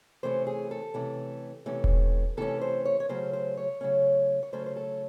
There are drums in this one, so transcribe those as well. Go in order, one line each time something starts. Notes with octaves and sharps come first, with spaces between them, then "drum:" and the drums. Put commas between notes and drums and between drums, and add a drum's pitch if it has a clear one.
C3 E3 A3 C#4 C5
G#4
A4
C3 E3 A3 C#4
C3 E3 A3 C#4
drum: kick E1
C3 E3 A3 C#4 A4
C5
C#5
C#5
C#3 F#3 A3 C#4 C5
C5
C#5
C#3 F#3 A3 C#4
C#5
C#3 F#3 A3 C#4 C5
C5
A4